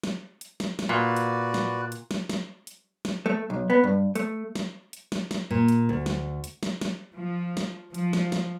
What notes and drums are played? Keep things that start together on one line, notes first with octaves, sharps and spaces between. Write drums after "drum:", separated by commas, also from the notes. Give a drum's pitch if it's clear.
drum: snare
drum: hi-hat
drum: snare
drum: snare
A#2 F#4 B4 D5
drum: hi-hat
drum: snare
drum: hi-hat
drum: snare
drum: snare
drum: hi-hat
drum: snare
A3
B1
B3
G2
A3, drum: hi-hat
drum: snare
drum: hi-hat
drum: snare
drum: snare
A#2
drum: hi-hat
D2
drum: snare
drum: hi-hat
drum: snare
drum: snare
F3
drum: snare
F3, drum: hi-hat
drum: snare
drum: snare